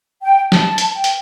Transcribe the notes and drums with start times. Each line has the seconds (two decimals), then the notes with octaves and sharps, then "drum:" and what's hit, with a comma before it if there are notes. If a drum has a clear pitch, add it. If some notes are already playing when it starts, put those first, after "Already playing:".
0.23 G5
0.52 A5, drum: snare
0.78 drum: hi-hat
0.95 G5
1.04 drum: hi-hat